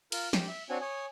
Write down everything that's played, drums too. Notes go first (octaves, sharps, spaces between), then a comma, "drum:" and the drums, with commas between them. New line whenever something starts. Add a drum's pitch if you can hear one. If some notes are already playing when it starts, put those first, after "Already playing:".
F4 A#4, drum: cymbal
G4, drum: snare
E5
C4 D4 F#4 C#5 G#5
C#5 G#5 D#6